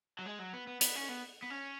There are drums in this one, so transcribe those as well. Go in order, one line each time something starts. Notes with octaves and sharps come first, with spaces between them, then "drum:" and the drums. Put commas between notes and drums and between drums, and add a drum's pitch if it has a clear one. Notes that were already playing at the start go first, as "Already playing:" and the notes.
F#3
G#3
F#3
B3
B3
B3, drum: hi-hat
C#4
B3
B3
C#4